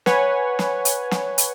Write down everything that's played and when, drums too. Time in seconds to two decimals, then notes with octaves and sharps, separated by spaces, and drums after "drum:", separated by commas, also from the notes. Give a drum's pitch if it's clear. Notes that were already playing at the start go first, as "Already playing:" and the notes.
0.06 B4 C#5 F#5 G#5, drum: snare
0.59 drum: snare
0.85 drum: hi-hat
1.11 drum: snare
1.38 drum: hi-hat